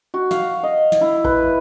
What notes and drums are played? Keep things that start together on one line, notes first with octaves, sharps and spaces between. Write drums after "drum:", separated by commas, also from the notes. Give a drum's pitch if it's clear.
F#4
F5, drum: snare
D#5
drum: snare
E4
B4, drum: kick A1